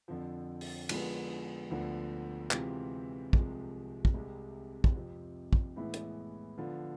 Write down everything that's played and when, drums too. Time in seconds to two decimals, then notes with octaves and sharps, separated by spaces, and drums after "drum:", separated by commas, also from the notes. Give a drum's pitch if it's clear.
0.08 F2 D3 F3
0.61 drum: open hi-hat
0.89 D3 F3 G#3 B3, drum: cymbal
1.70 D2 D3 F3 B3
2.51 C3 E3 G#3 C4 F4, drum: clap
3.33 C2 C3 F3 G#3, drum: kick
4.05 drum: kick
4.14 C2 C3 G#3
4.84 drum: kick
4.95 F2 C3 F3
5.53 drum: kick
5.76 A2 E3 G#3 B3 E4
5.94 drum: hi-hat
6.58 D3 F3 B3 F4